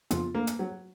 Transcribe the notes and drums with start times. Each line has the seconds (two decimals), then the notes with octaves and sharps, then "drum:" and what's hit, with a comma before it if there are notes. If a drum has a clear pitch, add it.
0.11 F2 C#3 F3 B3 F4, drum: hi-hat
0.35 A#3
0.47 drum: hi-hat
0.59 F#3